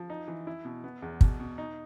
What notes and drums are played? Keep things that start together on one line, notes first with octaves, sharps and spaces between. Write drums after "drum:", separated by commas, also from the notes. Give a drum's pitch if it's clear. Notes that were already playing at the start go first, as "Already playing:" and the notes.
Already playing: F3
D#4
E3
E4
B2
B3
E2
B2, drum: kick
B2
D#4